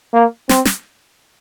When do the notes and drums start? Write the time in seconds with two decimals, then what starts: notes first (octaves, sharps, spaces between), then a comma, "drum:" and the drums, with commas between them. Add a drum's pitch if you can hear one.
0.14 A#3
0.49 C4, drum: snare
0.65 drum: snare